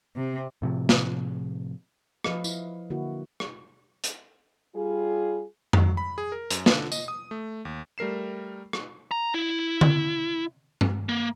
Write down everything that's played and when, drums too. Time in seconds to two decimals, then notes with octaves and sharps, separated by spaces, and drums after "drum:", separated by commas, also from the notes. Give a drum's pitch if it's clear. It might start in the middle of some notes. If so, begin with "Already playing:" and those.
0.16 C3
0.62 A2 C3 F3
0.89 drum: snare
2.24 F3 B4 D#5 F5, drum: rim click
2.44 E4, drum: tambourine
2.90 D3 A#3 E4 F#4
3.40 drum: rim click
4.04 drum: hi-hat
4.75 G3 F4 G#4
5.73 F#3, drum: tom F2
5.97 B5
6.18 G#4
6.32 A#4
6.50 F#2, drum: hi-hat
6.66 D3, drum: snare
6.92 D#5, drum: tambourine
7.08 D#6
7.31 A3
7.65 D#2
7.98 G3 A3 A#4 C7 E7
8.73 drum: rim click
9.11 A#5
9.34 E4
9.81 drum: tom D3
10.81 drum: tom G2
11.09 A#3